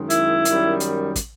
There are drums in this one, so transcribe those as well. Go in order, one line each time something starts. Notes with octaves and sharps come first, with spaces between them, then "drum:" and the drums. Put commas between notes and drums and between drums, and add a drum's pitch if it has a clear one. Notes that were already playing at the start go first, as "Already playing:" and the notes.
Already playing: F#2 D#3 G#3
E4, drum: hi-hat
F#2 D#3 G3, drum: hi-hat
drum: hi-hat
drum: kick, hi-hat